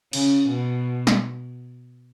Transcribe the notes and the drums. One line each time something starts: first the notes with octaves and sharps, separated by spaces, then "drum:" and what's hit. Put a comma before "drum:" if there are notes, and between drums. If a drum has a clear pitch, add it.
C#3, drum: cymbal
B2
drum: snare